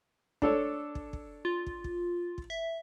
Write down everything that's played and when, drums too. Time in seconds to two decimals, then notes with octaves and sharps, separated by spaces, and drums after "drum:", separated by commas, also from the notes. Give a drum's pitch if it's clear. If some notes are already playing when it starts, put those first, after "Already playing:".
0.42 D4 A4 C#5, drum: kick
0.95 drum: kick
1.13 drum: kick
1.45 F4
1.67 drum: kick
1.84 drum: kick
2.38 drum: kick
2.50 E5